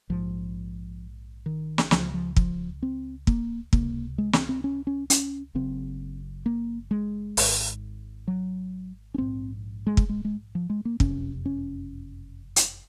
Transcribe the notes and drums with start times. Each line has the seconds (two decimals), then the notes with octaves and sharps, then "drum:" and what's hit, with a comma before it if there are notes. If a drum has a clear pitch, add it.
0.09 A#1 G#2 F3
1.46 D#3
1.78 drum: snare
1.91 C#2 C#3 F3, drum: snare
2.14 F3
2.36 F3, drum: kick
2.83 C4
3.27 A#3, drum: kick
3.73 C#2 C3 A#3, drum: kick
4.18 G#3
4.33 C4, drum: snare
4.49 C4
4.64 C#4
4.87 C#4
5.10 C#4, drum: hi-hat
5.55 F#1 F#2 C#3 C4
6.46 A#3
6.91 G#3
7.37 G#1 G#2, drum: open hi-hat
8.28 F#3
9.14 C#4
9.18 A#1 G#2 C4
9.87 G#3
9.97 drum: kick
10.09 G#3
10.25 G#3
10.55 F3
10.70 G#3
10.85 A#3
11.00 F#1 F2 C3 C#4, drum: kick
11.46 C#4
12.56 drum: hi-hat